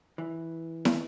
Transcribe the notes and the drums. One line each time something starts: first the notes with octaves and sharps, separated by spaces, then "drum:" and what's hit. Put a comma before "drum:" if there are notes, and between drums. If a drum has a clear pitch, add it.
E3
drum: snare